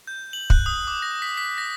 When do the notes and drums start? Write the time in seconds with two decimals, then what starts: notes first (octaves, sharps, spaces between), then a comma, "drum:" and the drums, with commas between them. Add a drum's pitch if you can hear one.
0.07 G6
0.33 F#7
0.50 F#6, drum: kick
0.66 D#6
0.87 D6
1.02 A#6
1.22 B6
1.37 B6
1.58 A#6